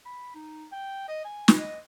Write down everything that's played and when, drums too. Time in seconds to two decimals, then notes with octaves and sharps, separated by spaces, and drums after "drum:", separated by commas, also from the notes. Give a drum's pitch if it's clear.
0.05 B5
0.35 D#4
0.72 G5
1.08 D#5
1.24 G#5
1.48 drum: snare
1.58 D#5